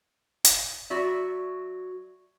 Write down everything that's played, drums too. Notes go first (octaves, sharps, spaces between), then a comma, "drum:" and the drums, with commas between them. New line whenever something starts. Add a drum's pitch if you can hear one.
drum: hi-hat
F#3 F#4 D5 E5